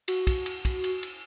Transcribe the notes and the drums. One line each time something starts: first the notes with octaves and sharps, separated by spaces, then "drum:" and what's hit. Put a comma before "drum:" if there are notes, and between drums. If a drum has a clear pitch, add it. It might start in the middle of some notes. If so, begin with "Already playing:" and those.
F#4, drum: cymbal
drum: kick, cymbal
drum: cymbal
drum: kick, cymbal
drum: cymbal
drum: cymbal